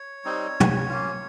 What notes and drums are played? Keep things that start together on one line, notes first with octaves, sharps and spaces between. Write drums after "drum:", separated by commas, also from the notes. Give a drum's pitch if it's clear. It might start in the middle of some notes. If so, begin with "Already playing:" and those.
Already playing: C#5
G3 C4 D#4
drum: tom
A#3 C#4 F4